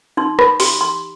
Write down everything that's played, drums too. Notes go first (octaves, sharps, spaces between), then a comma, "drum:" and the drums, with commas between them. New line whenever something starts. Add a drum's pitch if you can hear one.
D#4 C6
B5, drum: rim click
G4 C6, drum: open hi-hat
C6